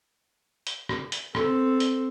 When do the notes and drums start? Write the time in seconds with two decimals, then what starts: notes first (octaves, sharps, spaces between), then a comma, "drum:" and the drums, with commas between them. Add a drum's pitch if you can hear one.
0.67 drum: hi-hat
0.89 drum: rim click
1.12 drum: hi-hat
1.35 C4 A4, drum: rim click
1.80 drum: hi-hat